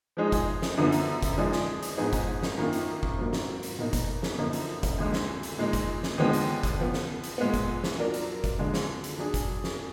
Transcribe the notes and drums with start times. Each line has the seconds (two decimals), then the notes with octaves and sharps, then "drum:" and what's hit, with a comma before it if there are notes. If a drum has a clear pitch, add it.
0.17 F3 G#3 D#4 G#4
0.32 drum: kick, hi-hat
0.62 drum: snare
0.77 F#2 D3 F3 B3
0.92 drum: hi-hat
1.23 drum: kick, hi-hat
1.37 F3 G#3 D#4 G#4 D5
1.53 drum: snare
1.83 drum: hi-hat
1.97 G#2 F3 B3 D#4 G#4
2.13 drum: kick, hi-hat
2.43 drum: snare
2.58 F#2 D#3 A#3 F4
2.73 drum: hi-hat
3.03 drum: kick
3.18 G#2 F#3 A#3
3.33 drum: snare
3.63 drum: hi-hat
3.79 B2 A#3 D#4
3.93 drum: kick, hi-hat
4.23 drum: snare
4.38 F#2 D3 F3 A#3 D#4
4.53 drum: hi-hat
4.83 drum: kick, hi-hat
4.98 D2 D3 G#3
5.13 drum: snare
5.43 drum: hi-hat
5.58 A#2 G#3 D#4
5.73 drum: kick, hi-hat
6.03 drum: snare
6.18 D#2 D3 F3 G#3 B3
6.33 drum: hi-hat
6.63 drum: kick, hi-hat
6.79 F3 B3 F4
6.94 drum: snare
7.24 drum: hi-hat
7.38 A#2 G#3 B3
7.54 drum: kick, hi-hat
7.84 drum: snare
7.98 F#3 D4 F4 A#4 D5
8.14 drum: hi-hat
8.44 drum: kick, hi-hat
8.58 D2 D3 G#3 D4
8.74 drum: snare
9.04 drum: hi-hat
9.18 F#3 D4 G#4
9.34 drum: kick, hi-hat
9.64 drum: snare